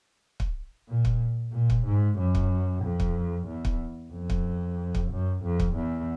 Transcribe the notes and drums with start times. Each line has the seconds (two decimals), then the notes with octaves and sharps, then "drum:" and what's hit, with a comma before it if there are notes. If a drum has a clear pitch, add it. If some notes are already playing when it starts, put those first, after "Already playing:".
0.40 drum: kick
0.89 A#2
1.05 drum: kick
1.53 A#2
1.70 drum: kick
1.86 G#2
2.18 F#2
2.35 drum: kick
2.84 F2
3.00 drum: kick
3.48 E2
3.65 drum: kick
4.13 F2
4.30 drum: kick
4.95 drum: kick
5.11 F#2
5.44 F2
5.60 drum: kick
5.76 E2